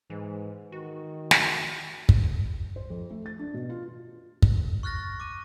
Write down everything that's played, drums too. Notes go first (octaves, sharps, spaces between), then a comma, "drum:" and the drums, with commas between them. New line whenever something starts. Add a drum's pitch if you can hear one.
G#2 E3
D#3 F#4
drum: snare
drum: kick
C5
F2
A3
A6
D4
B2
F4
drum: kick
C#6 F6 F#6 A6 A#6
D6 D#7